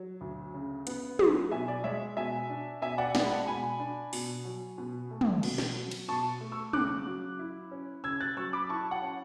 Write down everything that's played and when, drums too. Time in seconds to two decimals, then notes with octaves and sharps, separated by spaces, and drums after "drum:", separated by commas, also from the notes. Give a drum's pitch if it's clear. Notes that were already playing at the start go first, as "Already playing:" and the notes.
Already playing: F#3
0.21 D2
0.54 C#3
0.87 B3, drum: hi-hat
1.19 F#3, drum: tom
1.51 B2 E5 G#5
1.68 D5
1.84 G#3 C#5 E5
2.17 B2 E5 G#5
2.50 D4
2.82 B2 E5 G#5
2.98 D5 F#5
3.15 G#3 D5 F#5, drum: snare
3.24 B5
3.31 F#5 A5
3.47 B2 G#5 B5
3.80 D4
4.13 B2, drum: open hi-hat
4.45 F#3
4.78 B2
5.11 A3
5.21 drum: tom
5.43 B2, drum: cymbal
5.58 drum: snare
5.76 F#3
5.91 drum: cymbal
6.08 B2 A5 C#6
6.41 A3
6.52 C#6 E6
6.73 C#3 D6 F#6, drum: tom
7.06 F#3
7.39 E4
7.71 C#4
8.04 C#3 E6 G#6
8.20 F#6 A6
8.37 F#3 C#6 E6
8.53 B5 D6
8.69 E4 A5 C#6
8.91 F#5 A5
9.02 C#4